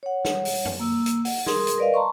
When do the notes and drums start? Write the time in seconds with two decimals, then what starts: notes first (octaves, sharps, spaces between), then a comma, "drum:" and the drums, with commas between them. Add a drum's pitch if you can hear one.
0.03 C#5 F#5
0.25 drum: snare
0.45 drum: open hi-hat
0.65 drum: tom
0.80 A#3 E6
1.06 drum: hi-hat
1.25 F#5, drum: open hi-hat
1.47 G#4 A#4 C6 D#6, drum: snare
1.67 drum: hi-hat
1.78 A#4 B4 D5 D#5 F5
1.94 A5 A#5 C6 C#6